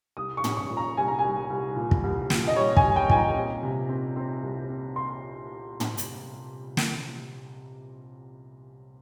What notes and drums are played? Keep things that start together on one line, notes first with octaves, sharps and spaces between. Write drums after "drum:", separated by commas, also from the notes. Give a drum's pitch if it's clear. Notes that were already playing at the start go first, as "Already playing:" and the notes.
C2 D#6
C#6
C#4, drum: tom
C#6
A#2
A#5
C2 G#5
A#5
G3 G#5
C2
A#2
drum: kick
C2
A#2, drum: snare
D#5
G3 C#5
G#5, drum: kick
G3
G5
A#2 G#5, drum: kick
A#5
C4
C3
C4
C4
C2
C4
C6
drum: tom
drum: hi-hat
drum: snare